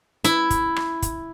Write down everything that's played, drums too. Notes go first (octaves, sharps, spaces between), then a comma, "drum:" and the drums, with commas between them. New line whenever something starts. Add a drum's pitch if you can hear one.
E4, drum: hi-hat
drum: kick, hi-hat
drum: rim click
drum: kick, hi-hat